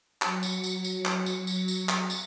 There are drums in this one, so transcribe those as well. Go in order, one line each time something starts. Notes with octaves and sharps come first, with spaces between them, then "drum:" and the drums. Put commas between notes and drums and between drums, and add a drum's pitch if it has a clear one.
F#3 C#7, drum: clap
drum: tambourine
drum: tambourine
drum: tambourine
drum: clap
drum: tambourine
drum: tambourine
drum: tambourine
drum: clap
drum: tambourine